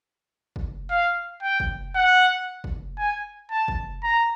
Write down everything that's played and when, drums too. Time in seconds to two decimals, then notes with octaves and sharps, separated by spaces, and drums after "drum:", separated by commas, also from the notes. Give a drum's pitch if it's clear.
0.56 drum: kick
0.90 F5
1.43 G5
1.60 drum: kick
1.95 F#5
2.64 drum: kick
2.98 G#5
3.51 A5
3.68 drum: kick
4.03 A#5